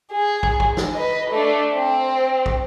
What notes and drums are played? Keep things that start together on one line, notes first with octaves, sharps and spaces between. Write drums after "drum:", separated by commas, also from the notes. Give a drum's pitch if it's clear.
G#4
drum: kick
drum: kick
drum: snare
B4 D#5
A3 D4
C4
drum: kick